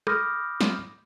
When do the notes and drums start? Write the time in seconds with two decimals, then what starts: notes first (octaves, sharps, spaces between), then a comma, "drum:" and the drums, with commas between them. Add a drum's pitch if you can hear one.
0.07 B5 D6 D#6 F6 G6 A#6, drum: rim click
0.61 drum: snare